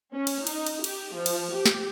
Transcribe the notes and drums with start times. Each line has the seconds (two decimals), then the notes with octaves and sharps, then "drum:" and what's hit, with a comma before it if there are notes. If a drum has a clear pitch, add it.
0.14 C#4
0.27 drum: cymbal
0.47 D#4, drum: cymbal
0.67 drum: cymbal
0.84 G4, drum: cymbal
1.15 F3
1.26 drum: cymbal
1.54 G4
1.66 drum: snare